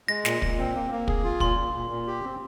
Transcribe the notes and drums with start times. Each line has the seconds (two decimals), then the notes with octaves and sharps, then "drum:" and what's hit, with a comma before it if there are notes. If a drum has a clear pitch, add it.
0.08 G#3 A#6
0.25 A#2, drum: snare
0.42 A#2, drum: kick
0.58 C4
0.75 A#3
0.91 A#3
1.08 G#4, drum: kick
1.24 F4
1.40 A#2 C6, drum: kick
1.57 A#2
1.74 A#2
1.90 A#2
2.07 G4
2.24 C4